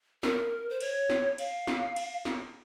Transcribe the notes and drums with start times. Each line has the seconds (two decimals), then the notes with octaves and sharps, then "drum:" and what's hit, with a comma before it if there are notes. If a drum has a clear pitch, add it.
0.23 A#4, drum: snare
0.70 C5
0.80 C#5, drum: cymbal
1.10 drum: snare
1.38 F5, drum: cymbal
1.67 drum: snare
1.96 drum: cymbal
2.25 drum: snare